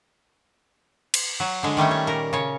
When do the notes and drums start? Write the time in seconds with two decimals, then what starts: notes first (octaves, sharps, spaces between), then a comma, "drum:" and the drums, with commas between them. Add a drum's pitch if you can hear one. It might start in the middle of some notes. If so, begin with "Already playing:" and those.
1.14 drum: cymbal
1.40 F#3
1.63 D3 G#3
1.77 D#3 G3 A3 C#4
1.91 C#5
2.07 A#2 A#4
2.33 C#3 C#5